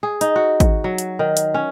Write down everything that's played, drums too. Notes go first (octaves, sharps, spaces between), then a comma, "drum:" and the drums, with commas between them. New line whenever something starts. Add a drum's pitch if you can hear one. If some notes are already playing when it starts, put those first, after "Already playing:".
G#4
D#4, drum: hi-hat
F#4
drum: kick, hi-hat
F#3
drum: hi-hat
D#3
drum: hi-hat
C#4